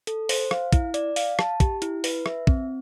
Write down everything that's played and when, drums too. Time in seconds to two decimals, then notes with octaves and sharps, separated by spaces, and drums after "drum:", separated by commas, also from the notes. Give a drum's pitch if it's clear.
0.07 A4, drum: hi-hat
0.29 C5, drum: open hi-hat
0.51 F5, drum: rim click
0.73 E4, drum: kick, hi-hat
0.94 D5, drum: hi-hat
1.16 F5, drum: open hi-hat
1.39 A5, drum: rim click
1.60 G4, drum: kick, hi-hat
1.82 E4, drum: hi-hat
2.04 B4, drum: open hi-hat
2.26 E5, drum: rim click
2.47 C4, drum: kick